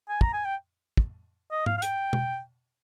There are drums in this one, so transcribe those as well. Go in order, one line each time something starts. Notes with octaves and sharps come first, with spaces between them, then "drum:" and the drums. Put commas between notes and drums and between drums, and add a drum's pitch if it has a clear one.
G#5
A#5, drum: kick
G#5
G5
drum: kick
D#5
F5, drum: tom G#2
F5
G5, drum: hi-hat
drum: tom B2